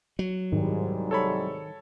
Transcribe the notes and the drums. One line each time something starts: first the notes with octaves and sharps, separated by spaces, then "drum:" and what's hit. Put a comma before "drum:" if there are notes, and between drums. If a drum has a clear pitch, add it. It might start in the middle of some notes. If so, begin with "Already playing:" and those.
F#3
C2 G#2 D#3 G3, drum: tom G#2
A4 C#5 B5